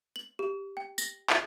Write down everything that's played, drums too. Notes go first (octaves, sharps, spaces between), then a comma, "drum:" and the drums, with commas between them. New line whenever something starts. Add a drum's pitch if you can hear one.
F#7
G4
G5
A#6, drum: tambourine
drum: clap